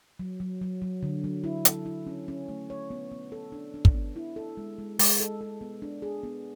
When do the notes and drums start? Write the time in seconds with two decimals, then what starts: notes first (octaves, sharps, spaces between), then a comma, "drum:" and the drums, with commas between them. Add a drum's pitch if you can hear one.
0.19 F#3
0.40 F#3
0.61 F#3
0.82 F#3
1.03 D3
1.24 F#3
1.44 E4
1.65 A4, drum: hi-hat
1.86 E4
2.07 C#4
2.28 C#4
2.49 A3
2.70 C#5
2.90 B3
3.11 B3
3.32 A4
3.52 D4
3.74 D4
3.85 drum: kick
3.95 B3
4.16 E4
4.36 A4
4.57 G#3
4.78 G#3
4.99 G#3, drum: open hi-hat
5.20 A4
5.41 A4
5.61 B3
5.82 D4
6.02 G#4
6.23 B3